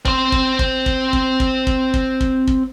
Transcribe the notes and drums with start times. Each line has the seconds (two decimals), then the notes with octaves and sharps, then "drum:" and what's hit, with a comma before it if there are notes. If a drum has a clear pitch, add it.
0.05 C4 C5, drum: kick
0.32 drum: kick
0.59 drum: kick
0.86 drum: kick
1.13 drum: kick
1.40 drum: kick
1.67 drum: kick
1.94 drum: kick
2.21 drum: kick
2.47 drum: kick